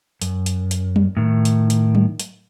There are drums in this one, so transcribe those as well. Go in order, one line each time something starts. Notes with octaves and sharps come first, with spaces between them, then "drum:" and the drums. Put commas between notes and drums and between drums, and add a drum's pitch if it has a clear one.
F#2, drum: hi-hat
drum: hi-hat
drum: hi-hat
drum: tom F#3
A2 D#3
drum: hi-hat
drum: hi-hat
drum: tom F#3
drum: hi-hat